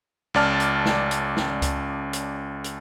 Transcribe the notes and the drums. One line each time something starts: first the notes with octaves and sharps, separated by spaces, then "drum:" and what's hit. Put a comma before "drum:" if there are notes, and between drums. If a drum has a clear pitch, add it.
C#2 C#4 D5 A5 F6
drum: hi-hat
drum: snare
drum: hi-hat
drum: snare
drum: kick C#2, hi-hat
drum: hi-hat
drum: hi-hat